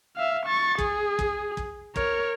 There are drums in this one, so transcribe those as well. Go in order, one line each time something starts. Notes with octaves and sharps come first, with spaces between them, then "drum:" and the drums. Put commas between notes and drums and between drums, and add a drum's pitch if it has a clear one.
E5 F5
C#6 A6
G#4, drum: kick
drum: kick
drum: kick
A#4 C#5, drum: kick